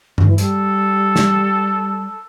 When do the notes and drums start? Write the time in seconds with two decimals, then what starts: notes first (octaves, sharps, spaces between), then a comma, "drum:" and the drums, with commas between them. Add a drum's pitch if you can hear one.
0.18 D3, drum: tom G2
0.28 E3
0.38 G3 A4, drum: hi-hat
1.16 drum: snare